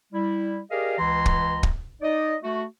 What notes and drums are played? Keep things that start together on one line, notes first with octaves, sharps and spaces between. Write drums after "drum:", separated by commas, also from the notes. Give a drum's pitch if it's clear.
G3 E4
G4 G#4 A#4 D5 D#5 F5
C#2 E3 A#5 C6
drum: kick
drum: kick
D#4 D5 D#5
A3 F#4